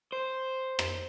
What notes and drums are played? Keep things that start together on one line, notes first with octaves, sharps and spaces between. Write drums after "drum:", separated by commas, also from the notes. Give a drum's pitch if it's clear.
C5
drum: rim click